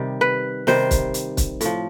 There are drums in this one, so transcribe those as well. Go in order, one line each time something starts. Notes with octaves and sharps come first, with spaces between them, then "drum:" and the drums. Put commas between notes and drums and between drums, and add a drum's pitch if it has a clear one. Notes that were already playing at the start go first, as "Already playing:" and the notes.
Already playing: C3 D#3 G3
B4
C3 D#3 G3 C5, drum: snare
drum: kick, hi-hat
drum: hi-hat
drum: kick, hi-hat
A2 F3, drum: hi-hat